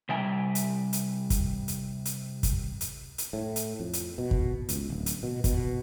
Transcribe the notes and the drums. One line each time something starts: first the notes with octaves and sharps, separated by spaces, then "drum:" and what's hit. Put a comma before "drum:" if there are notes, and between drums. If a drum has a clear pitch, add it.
C3 G3 E5 G5 G#5 A#5
drum: hi-hat
drum: hi-hat
drum: kick, hi-hat
drum: hi-hat
drum: hi-hat
drum: kick, hi-hat
drum: hi-hat
drum: hi-hat
A2
drum: hi-hat
F2
drum: hi-hat
B2
drum: kick
C#2, drum: hi-hat
D1
drum: hi-hat
B2
B2, drum: kick, hi-hat